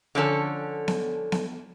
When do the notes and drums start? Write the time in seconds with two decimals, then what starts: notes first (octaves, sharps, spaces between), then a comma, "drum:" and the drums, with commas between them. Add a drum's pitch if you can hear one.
0.15 D3 F3 C#4 A4
0.88 drum: snare B3
1.32 drum: snare B3